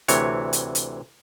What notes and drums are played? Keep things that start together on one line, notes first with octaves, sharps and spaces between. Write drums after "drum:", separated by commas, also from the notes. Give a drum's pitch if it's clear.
D2 C3 E3 C#5, drum: hi-hat
drum: hi-hat
drum: hi-hat